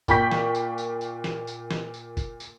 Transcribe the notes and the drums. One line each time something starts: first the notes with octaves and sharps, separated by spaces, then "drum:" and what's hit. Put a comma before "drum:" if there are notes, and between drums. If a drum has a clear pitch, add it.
A#2 G5 B5 C#6 G6 B6, drum: kick, tambourine
drum: snare
drum: tambourine
drum: tambourine
drum: tambourine
drum: snare
drum: tambourine
drum: snare
drum: tambourine
drum: kick, tambourine
drum: tambourine